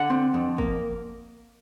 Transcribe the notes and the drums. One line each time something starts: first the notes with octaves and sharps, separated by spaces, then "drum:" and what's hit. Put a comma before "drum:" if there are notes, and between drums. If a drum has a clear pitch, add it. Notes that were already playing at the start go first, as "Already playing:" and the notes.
Already playing: D3 F#5
C4
F2
A#3, drum: kick